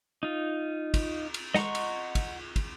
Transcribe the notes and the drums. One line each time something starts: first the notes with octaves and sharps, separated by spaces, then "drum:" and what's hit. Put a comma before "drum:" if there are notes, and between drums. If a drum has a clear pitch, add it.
D#4 F4
drum: kick, cymbal
drum: cymbal
D#5 F#5 A#5 C6 C#6, drum: snare
drum: cymbal
drum: kick, cymbal
drum: kick, cymbal